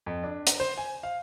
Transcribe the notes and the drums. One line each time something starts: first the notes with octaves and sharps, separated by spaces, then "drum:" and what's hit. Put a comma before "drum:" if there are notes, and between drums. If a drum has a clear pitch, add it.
F2
D4
drum: hi-hat
C5
G#5
F5